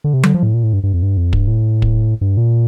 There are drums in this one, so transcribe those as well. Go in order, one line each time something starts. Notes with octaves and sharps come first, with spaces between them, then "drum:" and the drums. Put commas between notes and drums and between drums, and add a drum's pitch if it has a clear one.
D3
C3
D3, drum: tom F#3
F3
A2
A#2
A2
G2
G2
F2
G2
F2
G2, drum: kick
A2
drum: kick
G2
A#2